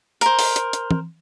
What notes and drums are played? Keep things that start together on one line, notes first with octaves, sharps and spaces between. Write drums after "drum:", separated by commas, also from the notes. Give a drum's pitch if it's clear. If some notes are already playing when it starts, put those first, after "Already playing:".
A#4 C5, drum: hi-hat
drum: open hi-hat
drum: hi-hat
drum: hi-hat
drum: tom E3